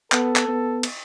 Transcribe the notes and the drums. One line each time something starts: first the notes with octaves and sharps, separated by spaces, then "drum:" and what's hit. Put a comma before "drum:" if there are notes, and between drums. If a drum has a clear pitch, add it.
B3 A4, drum: clap
drum: clap
B3
drum: cymbal